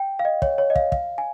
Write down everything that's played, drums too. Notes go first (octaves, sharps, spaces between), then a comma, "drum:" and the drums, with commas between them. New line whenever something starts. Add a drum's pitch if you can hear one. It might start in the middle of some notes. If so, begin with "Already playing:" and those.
Already playing: G5
F5
D#5
C#5, drum: kick
C#5
D#5
F5, drum: kick
F5, drum: kick
G#5